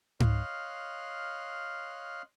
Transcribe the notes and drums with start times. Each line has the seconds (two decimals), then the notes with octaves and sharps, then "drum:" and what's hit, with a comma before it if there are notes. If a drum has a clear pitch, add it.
0.20 C#5 D#5 F5 C6 F6 F#6, drum: tom G#2